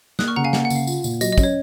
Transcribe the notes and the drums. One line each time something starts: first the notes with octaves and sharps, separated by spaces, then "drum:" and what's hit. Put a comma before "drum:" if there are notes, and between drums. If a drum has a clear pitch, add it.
A#3 D#6 F#6, drum: snare
C#6 F6
C#3 F#5 A#5
F5 G#5
A#3 F#5, drum: snare
F#5
C#3, drum: tambourine
F5
F4, drum: tambourine
A#2, drum: tambourine
F#3 D#5, drum: tambourine
D#5
C#4, drum: kick, tambourine
C#5